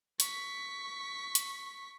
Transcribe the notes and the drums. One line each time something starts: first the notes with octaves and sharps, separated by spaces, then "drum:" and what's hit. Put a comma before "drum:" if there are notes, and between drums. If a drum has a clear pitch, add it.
C#6 B6, drum: hi-hat
drum: hi-hat